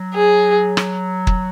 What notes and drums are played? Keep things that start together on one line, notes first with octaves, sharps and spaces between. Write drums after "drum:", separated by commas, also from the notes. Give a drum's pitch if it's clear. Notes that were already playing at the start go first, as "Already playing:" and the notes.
Already playing: F#3
G#4
drum: rim click
drum: kick